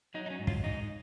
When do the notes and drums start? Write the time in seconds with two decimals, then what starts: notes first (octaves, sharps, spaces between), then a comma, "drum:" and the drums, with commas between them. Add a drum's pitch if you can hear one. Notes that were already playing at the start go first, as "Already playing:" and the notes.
0.14 F#3 D#4
0.26 D#4
0.30 C#4
0.39 G#2
0.47 F4, drum: kick
0.63 G#2 D#4